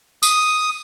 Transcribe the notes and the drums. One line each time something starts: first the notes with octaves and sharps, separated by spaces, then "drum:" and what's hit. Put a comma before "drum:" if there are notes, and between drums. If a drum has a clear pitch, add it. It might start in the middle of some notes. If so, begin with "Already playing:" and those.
D#6, drum: tambourine